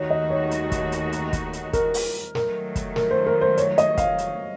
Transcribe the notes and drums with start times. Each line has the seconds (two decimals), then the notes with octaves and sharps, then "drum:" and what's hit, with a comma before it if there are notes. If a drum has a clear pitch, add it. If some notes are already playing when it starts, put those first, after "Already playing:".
Already playing: D#2 D#3 A3 D#4 F#4 C#5
0.10 D#5
0.30 C#5
0.51 drum: hi-hat
0.72 drum: kick, hi-hat
0.92 drum: hi-hat
1.12 drum: hi-hat
1.33 drum: kick, hi-hat
1.53 drum: hi-hat
1.73 A#4, drum: kick, hi-hat
1.94 drum: open hi-hat
2.35 D#3 F#3 A3 A#4, drum: snare
2.76 drum: kick, hi-hat
2.96 A#4, drum: snare
3.11 C5
3.27 A#4
3.41 C5
3.57 C#5, drum: hi-hat
3.78 D#5, drum: hi-hat
3.98 F5, drum: kick, hi-hat
4.18 drum: hi-hat